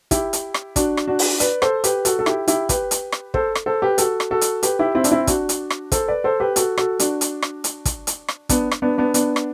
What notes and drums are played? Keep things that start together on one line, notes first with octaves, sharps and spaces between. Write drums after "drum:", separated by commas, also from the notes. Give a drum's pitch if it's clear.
E4 G4, drum: kick, hi-hat
drum: hi-hat
drum: rim click
D4 F#4, drum: kick, hi-hat
drum: rim click
D4 F#4
drum: open hi-hat
B4 D5, drum: hi-hat
A4 C5, drum: rim click
G4 B4, drum: hi-hat
F#4 A4, drum: hi-hat
A4
E4 G4, drum: rim click
E4 G4, drum: hi-hat
G4 B4, drum: kick, hi-hat
drum: hi-hat
drum: rim click
A4 C5, drum: kick
drum: rim click
A4 C5
G4 B4
F#4 A4, drum: hi-hat
drum: rim click
F#4 A4
drum: hi-hat
G4 B4, drum: hi-hat
E4 G4
C4 E4
D4, drum: hi-hat
C4 E4
D4 F#4, drum: kick, hi-hat
drum: hi-hat
drum: rim click
A4 C5, drum: kick, hi-hat
B4 D5
A4 C5
G4 B4
F#4 A4, drum: hi-hat
F#4 A4, drum: rim click
D4 F#4, drum: hi-hat
drum: hi-hat
drum: rim click
drum: hi-hat
drum: kick, hi-hat
drum: hi-hat
drum: rim click
B3 D4, drum: kick, hi-hat
drum: rim click
B3 D4
B3 D4
B3 D4, drum: hi-hat
drum: rim click